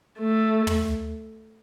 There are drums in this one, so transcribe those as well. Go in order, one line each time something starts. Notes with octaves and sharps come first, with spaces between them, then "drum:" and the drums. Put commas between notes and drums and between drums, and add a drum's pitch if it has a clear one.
A3
drum: tom